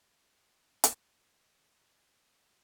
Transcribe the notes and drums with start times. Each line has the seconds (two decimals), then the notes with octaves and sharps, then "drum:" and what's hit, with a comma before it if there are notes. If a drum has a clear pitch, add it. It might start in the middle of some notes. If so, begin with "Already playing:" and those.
0.18 A2 E3 F#3
0.84 drum: hi-hat
1.31 A3
2.12 B2